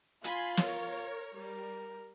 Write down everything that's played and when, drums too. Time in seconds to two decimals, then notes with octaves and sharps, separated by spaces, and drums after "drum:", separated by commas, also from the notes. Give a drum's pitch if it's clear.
0.24 F4 G#5 B5 C6, drum: hi-hat
0.57 A#4 C#5, drum: snare
1.37 G3 A#4